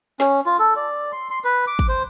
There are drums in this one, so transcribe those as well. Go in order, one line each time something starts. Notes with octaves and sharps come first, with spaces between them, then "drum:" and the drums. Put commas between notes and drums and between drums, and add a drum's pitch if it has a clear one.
C#4, drum: snare
F4
A4
D5
C6
C6
B4
D6
drum: kick
C5